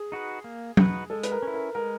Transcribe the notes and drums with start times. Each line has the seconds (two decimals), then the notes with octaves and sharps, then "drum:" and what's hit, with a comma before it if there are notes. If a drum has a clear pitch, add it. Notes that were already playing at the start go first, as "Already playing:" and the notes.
Already playing: G#4
0.12 D#4 F#4 B4
0.44 A#3
0.77 D#4 F#4 B4, drum: tom F#3
1.10 G#3 A4
1.23 B4, drum: hi-hat
1.32 A#4
1.43 C#4 E4
1.54 A#4
1.75 G#3 A#4